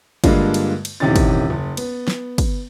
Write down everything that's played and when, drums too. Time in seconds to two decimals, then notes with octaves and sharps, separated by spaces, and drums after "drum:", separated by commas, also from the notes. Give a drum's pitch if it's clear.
0.24 G2 D3 G#3 A#3 F4, drum: kick, cymbal
0.54 drum: cymbal
0.85 drum: cymbal
1.00 D#1 C3 D#3 E3 C#4 A6
1.16 drum: kick, cymbal
1.50 F#1
1.77 B3, drum: cymbal
2.08 drum: snare
2.38 drum: kick, cymbal